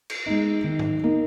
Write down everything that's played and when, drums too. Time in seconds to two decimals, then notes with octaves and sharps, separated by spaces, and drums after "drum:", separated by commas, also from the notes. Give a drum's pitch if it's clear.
0.10 drum: cymbal
0.26 G#3 D#4
0.64 D#3
0.79 drum: tom G#2
1.04 A#3 D#4